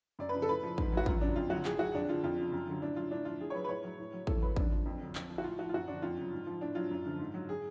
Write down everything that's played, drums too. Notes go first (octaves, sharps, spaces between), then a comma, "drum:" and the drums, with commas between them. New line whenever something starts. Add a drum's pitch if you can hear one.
F#2 D5
B4
C#3 F3
A4
A2 B4
F3
G#2, drum: kick
F#3 F#4
F#2 F4, drum: kick
C#3 F#3 D4
F2 F4
D3 F#3 F#4
A2 G#4, drum: clap
F#3 F#4
F2 D4
D3 F3 F4
F2 F4
C#3 F3
F#2
D3 F#3
A2 D4
F#3 F4
A2 D4
F3 F4
A2 G#4
C#5
F#3 B4
B4
A2 C#5
F#3
A2
F#3
A2 A4, drum: kick
F#3 B4
G#2 D4, drum: kick
F3
F2
D3 F#3
F2, drum: clap
F3
F#4
A2 F4
F3 F#4
F4
F#2 F#4
D3 F3 D4
F2 F4
C#3 F#3
G#2
F3
A2 D4
F#3 F4
F#2
D3 F3
G#2
F#3
G#4